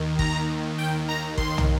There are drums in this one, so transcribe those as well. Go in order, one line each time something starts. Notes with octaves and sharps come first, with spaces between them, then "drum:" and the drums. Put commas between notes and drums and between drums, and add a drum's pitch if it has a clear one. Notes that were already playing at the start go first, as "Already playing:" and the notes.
Already playing: D#2 D#3
A#5, drum: kick G#1
G5
A#5
C6, drum: kick G#1
drum: tom